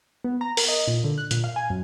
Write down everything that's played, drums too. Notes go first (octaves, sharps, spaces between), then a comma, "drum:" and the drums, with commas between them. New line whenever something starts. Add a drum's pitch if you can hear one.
B3
A#5
A#4, drum: open hi-hat
D#5
A#2
D3
F#6
A#2, drum: hi-hat
F5
G#5
F#2